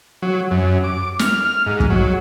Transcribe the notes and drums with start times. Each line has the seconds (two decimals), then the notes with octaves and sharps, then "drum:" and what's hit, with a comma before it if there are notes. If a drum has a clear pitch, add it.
0.22 F#3
0.51 F#2
0.84 D6
1.19 F6, drum: snare
1.45 F6
1.66 G#2
1.80 drum: kick
1.90 F#3